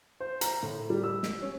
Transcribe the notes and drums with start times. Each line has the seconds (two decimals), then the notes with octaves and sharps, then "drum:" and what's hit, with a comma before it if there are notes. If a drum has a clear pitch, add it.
0.20 C5
0.41 A#5, drum: hi-hat
0.63 A2
0.90 G3
1.04 E6
1.23 drum: snare
1.42 C#4